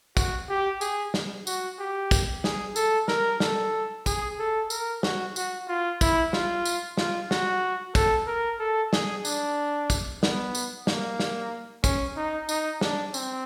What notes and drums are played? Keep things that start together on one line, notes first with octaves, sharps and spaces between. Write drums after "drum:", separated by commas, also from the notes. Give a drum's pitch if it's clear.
F#4, drum: kick, tambourine
G4
G#4, drum: tambourine
drum: snare
F#4, drum: tambourine
G4
drum: kick, tambourine
G#4, drum: snare
A4, drum: tambourine
A#4, drum: snare
A4, drum: snare
G#4, drum: kick, tambourine
A4
A#4, drum: tambourine
F#4, drum: snare
F#4, drum: tambourine
F4
E4, drum: kick, tambourine
F4, drum: snare
drum: tambourine
F4, drum: snare
F#4, drum: snare
A4, drum: kick, tambourine
A#4
A4
G#4, drum: snare
D4, drum: tambourine
drum: kick, tambourine
B3, drum: snare
drum: tambourine
A#3, drum: snare
drum: snare
C#4, drum: kick, tambourine
D#4
D#4, drum: tambourine
D4, drum: snare
C4, drum: tambourine